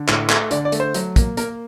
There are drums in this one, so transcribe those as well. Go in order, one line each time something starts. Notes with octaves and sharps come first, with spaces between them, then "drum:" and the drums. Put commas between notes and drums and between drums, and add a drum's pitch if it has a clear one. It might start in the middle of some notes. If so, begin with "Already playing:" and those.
Already playing: D3
A2, drum: clap
A3, drum: clap
D3 D5, drum: hi-hat
D5
A3, drum: hi-hat
C5
F#3, drum: hi-hat
A#3, drum: kick, hi-hat
A#3 A#4, drum: hi-hat